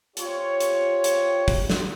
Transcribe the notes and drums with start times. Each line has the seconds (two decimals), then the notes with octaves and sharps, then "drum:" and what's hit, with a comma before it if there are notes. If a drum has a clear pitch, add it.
0.17 F4 G4 C5 C#5, drum: hi-hat
0.60 drum: hi-hat
1.04 drum: hi-hat
1.48 drum: kick, open hi-hat
1.70 drum: snare